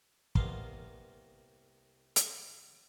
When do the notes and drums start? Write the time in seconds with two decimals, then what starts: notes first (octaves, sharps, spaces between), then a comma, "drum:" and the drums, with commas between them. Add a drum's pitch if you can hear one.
0.35 C2 A#3 B3 F5 C6, drum: kick
2.16 drum: hi-hat